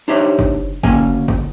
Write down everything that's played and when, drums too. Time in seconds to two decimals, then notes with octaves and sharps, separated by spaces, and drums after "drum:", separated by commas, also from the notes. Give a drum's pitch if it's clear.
0.08 D4 D#4 G4 C5 C#5 E5
0.39 drum: kick F#1
0.83 D2 A#3 C#4 G#5, drum: kick F#1
1.28 drum: kick F#1